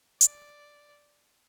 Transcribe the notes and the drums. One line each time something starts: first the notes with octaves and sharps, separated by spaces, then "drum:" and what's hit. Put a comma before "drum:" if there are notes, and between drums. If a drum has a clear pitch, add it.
D5, drum: hi-hat